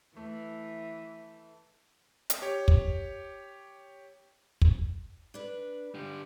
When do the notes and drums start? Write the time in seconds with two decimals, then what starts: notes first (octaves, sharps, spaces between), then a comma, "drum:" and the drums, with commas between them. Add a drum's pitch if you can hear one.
0.16 E3 A3
2.30 drum: hi-hat
2.42 G4 C#5
2.68 drum: kick
4.62 drum: kick
5.34 D4 B4
5.94 D3 G3